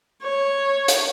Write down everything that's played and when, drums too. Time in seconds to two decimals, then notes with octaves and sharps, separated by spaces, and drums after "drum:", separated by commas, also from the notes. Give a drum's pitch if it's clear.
0.23 C#5
0.88 drum: hi-hat